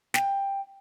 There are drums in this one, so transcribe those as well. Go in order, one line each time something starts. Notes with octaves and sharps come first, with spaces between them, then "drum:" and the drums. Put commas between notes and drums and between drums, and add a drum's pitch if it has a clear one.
G5, drum: snare